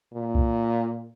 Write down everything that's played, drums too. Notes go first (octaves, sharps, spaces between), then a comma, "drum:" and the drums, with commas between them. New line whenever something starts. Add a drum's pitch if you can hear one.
A#2
drum: kick C2